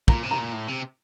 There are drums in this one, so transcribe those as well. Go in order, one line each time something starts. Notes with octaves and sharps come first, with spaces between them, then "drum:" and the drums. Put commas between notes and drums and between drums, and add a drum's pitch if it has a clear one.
A#2 A#5, drum: kick
C3
A#5
A#2
A2
C3